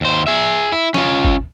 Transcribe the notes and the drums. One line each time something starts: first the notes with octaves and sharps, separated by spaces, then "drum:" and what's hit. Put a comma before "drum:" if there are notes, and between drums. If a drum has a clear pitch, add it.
D#2 C5
G#4 E5
E4
C#4 F4, drum: snare
drum: kick